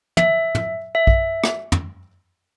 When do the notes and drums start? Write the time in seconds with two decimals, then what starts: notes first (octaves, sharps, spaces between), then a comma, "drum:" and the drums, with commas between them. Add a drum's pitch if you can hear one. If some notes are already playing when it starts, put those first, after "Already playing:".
0.17 E5, drum: tom
0.55 drum: tom
0.95 E5
1.07 drum: kick A#1
1.44 drum: rim click
1.72 drum: tom